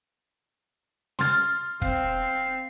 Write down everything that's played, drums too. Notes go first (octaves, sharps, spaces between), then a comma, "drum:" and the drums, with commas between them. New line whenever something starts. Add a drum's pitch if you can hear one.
C6 F6 A6, drum: snare
C4 F5, drum: kick